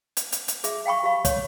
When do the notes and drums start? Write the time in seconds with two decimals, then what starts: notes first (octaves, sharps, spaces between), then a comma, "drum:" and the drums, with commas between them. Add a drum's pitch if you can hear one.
0.17 drum: hi-hat
0.32 drum: hi-hat
0.48 drum: hi-hat
0.64 G#4 E5, drum: hi-hat
0.86 F5 G5 B5 C#6
1.03 G4 F5
1.25 C#5, drum: kick, hi-hat